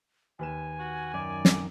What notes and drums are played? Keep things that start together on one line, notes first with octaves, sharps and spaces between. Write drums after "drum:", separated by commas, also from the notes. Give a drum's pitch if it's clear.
D#2 B4 G#5 E7
F#4
F#2 D#3 D5
drum: snare